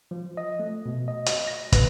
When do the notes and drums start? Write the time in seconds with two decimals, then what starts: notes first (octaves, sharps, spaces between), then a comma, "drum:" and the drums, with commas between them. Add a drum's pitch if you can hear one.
0.11 F3
0.37 D#5
0.59 A3
0.86 B2
1.08 D#5
1.26 drum: hi-hat
1.47 A#6
1.72 B4, drum: kick, hi-hat